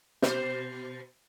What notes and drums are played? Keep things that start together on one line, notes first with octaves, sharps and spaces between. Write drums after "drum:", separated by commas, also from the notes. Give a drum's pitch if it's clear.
B2 C5, drum: snare